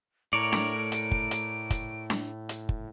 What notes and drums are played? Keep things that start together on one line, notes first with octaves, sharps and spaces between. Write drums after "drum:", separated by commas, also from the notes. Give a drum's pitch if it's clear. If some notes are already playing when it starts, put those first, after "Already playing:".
A2 A#4 C#5 D5 D7
drum: snare D4
drum: hi-hat
drum: kick
drum: hi-hat
drum: kick, hi-hat
drum: snare D4
drum: hi-hat
drum: kick